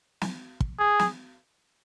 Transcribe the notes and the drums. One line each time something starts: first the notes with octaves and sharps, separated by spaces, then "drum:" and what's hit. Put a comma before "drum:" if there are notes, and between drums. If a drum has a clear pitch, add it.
drum: snare
drum: kick
G#4
drum: snare